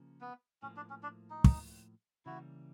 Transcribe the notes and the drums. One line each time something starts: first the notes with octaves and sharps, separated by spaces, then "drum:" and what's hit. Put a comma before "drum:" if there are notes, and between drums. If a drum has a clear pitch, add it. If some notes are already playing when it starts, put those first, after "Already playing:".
Already playing: C#3 F3 A#3 C#4
B3
A2 F3 A#3 C#4
D4
C#4
D4
D#4
drum: kick
C#3 E3 G3 A#3 E4 F#4